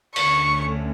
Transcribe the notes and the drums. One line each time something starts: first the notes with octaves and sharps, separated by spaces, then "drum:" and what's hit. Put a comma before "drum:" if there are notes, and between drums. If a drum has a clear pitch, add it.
D2 D3 A3 C#4 C#6, drum: cymbal